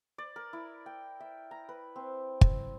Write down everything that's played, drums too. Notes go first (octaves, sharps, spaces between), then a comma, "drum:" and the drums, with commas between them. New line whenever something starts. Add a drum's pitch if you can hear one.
D5
A#4
E4
G5
E5
A#5
B4
C4
drum: kick